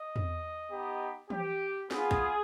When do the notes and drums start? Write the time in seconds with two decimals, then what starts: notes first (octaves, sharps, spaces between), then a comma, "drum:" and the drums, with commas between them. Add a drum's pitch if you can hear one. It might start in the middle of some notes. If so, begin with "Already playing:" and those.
Already playing: D#5
0.16 drum: tom E2
0.71 B3 D#4 G4
1.30 G4, drum: tom E3
1.91 B3 F4 G#4, drum: snare
2.11 drum: kick A#1